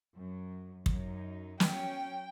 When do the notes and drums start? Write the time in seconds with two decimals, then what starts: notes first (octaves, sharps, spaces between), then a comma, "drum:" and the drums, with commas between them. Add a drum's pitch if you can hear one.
0.16 F#2
0.86 F#2 D#4, drum: kick
1.60 F#3 C#4 G5, drum: snare